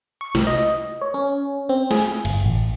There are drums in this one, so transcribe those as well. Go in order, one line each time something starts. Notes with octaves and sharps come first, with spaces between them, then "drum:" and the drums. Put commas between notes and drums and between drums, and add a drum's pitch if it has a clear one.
C#6
C2, drum: snare
D#5
C#5
C#4
C4
G#4, drum: snare
G1, drum: cymbal
A1